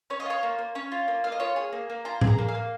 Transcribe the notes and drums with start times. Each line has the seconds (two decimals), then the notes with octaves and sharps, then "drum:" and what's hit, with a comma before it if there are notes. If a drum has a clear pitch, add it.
0.10 C#4 C#5
0.20 D#5
0.26 F4 C#5
0.43 A#3
0.58 A#3
0.75 C#4 C#5
0.92 F4
1.08 A#3
1.24 A#3 F5
1.32 D#5
1.40 F4 C#5
1.56 G#4
1.73 A#3
1.90 A#3
2.05 F4 A#5
2.21 G#4, drum: tom A2
2.27 A#5
2.38 A#3
2.48 F5
2.55 A#3